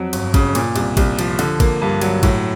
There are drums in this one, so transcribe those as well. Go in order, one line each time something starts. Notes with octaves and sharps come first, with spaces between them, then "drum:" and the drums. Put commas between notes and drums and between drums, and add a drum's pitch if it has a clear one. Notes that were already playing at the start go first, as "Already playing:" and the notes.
Already playing: F2 F#3
G1, drum: cymbal
C#3, drum: kick, cymbal
A#2, drum: cymbal
C2, drum: cymbal
C2, drum: kick, cymbal
F3, drum: cymbal
D3, drum: cymbal
A#3, drum: kick, cymbal
G2
F#3, drum: cymbal
A2, drum: kick, cymbal